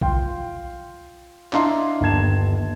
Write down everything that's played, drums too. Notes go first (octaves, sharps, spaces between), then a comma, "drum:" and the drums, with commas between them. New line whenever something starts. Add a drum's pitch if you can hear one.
F4 F5 G5 C6, drum: kick B1
D4 E4 D#5 F5 A#5 C6, drum: clap
G1 D#2 A5 G#6 E7